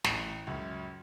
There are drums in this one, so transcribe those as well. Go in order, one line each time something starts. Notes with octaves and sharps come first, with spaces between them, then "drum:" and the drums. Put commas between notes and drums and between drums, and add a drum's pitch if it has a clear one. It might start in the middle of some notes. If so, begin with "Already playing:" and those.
A1, drum: snare
C#2 F#2